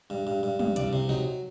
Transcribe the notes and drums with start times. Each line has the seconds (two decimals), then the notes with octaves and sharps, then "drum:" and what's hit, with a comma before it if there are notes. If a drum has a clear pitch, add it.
0.10 G2
0.27 G2
0.43 G2
0.59 G2, drum: tom
0.76 C2 D5, drum: hi-hat
0.93 C3
1.09 F#3 D#4